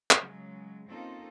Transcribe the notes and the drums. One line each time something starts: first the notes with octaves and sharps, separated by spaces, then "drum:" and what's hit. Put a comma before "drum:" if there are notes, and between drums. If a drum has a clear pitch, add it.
drum: clap
C#3 F#3 G#3
A#3 C4 C#4 D#4 F4 A4